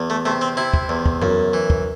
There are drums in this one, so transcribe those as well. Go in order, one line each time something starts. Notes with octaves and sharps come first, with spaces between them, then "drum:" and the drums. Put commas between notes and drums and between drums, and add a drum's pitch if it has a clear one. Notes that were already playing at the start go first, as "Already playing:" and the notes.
Already playing: E2
A3
C3 A3
C4
C3 E4
drum: kick
E2
drum: kick
F#2, drum: tom F2
E3
drum: kick